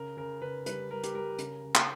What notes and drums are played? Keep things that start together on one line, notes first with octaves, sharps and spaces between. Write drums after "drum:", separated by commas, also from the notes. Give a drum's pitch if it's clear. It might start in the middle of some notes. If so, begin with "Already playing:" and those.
Already playing: C#3 A#4
C#3 A#4
C#3 B4
G3 B4, drum: hi-hat
G3 A#4
G4, drum: hi-hat
G3 A#4
C#3, drum: hi-hat
C#3
drum: clap